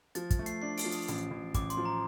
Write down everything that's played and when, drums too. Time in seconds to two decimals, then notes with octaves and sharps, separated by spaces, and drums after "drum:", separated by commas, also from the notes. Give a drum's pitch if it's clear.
0.15 F3 A6, drum: hi-hat
0.31 A6, drum: kick, hi-hat
0.39 A3
0.46 C7, drum: hi-hat
0.62 D4 C7
0.78 D7, drum: open hi-hat
0.84 F3
0.92 D#6, drum: hi-hat
1.08 A1, drum: hi-hat
1.31 A1
1.54 A1 D6, drum: kick, hi-hat
1.70 C6, drum: hi-hat
1.77 F3
1.85 A#5